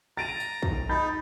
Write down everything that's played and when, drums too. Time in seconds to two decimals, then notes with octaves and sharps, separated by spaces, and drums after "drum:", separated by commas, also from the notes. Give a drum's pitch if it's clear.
0.17 A#5 A6 D7 D#7
0.40 drum: tambourine
0.62 drum: kick
0.89 D#4 B5 G6 A6